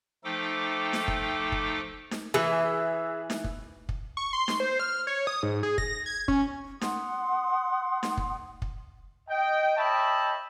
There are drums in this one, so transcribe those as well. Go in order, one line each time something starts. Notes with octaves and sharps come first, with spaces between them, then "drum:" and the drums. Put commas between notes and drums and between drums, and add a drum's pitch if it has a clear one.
F3 A3 D#4 A4 G5 D6
drum: snare D#4
drum: kick
drum: kick
drum: snare D#4
E3 G#4 E5
drum: snare D#4
drum: kick
drum: kick
C#6
C6
drum: snare D#4
C5
F6
C#5
D#6
G#2
G#4
A#6, drum: kick
G#6
C#4, drum: kick
F#5 C6 D#6, drum: snare D#4
drum: snare D#4
drum: kick
drum: kick
D#5 G5
C#5 D#5 E5 G5 A5 B5